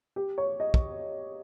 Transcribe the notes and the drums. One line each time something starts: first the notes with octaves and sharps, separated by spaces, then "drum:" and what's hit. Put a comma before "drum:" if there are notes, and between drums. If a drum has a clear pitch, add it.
G4
C#5
D#5
drum: kick